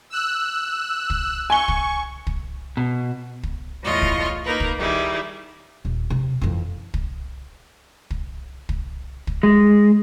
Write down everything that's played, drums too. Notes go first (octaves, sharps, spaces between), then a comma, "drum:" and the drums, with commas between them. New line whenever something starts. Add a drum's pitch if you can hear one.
E6 F#6
drum: kick
G#5 C#6 G7
drum: kick
drum: kick
B2
drum: kick
E2 A2 F4 D#5 C#6 F6
drum: kick
A#3 D#4 A#4 B4
drum: kick
D#3 G3 E4 G#4
D#1
C3
F2 E3
drum: kick
drum: kick
drum: kick
drum: kick
G#3